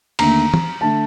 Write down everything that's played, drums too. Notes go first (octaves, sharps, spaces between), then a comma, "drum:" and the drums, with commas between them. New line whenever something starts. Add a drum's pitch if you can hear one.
D#2 D3 A3 A#5, drum: cymbal
drum: tom
D3 A3 A5